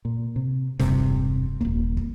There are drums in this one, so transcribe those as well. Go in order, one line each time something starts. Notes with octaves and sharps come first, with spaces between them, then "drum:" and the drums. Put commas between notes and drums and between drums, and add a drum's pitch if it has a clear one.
A#2
C3
E1 G2 C3, drum: snare
drum: kick
D#1 A#3, drum: kick
drum: kick